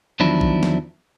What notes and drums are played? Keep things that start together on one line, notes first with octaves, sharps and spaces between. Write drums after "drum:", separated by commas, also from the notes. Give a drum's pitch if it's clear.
E2 D#3 F3 F#3 D4 E4
drum: kick
drum: snare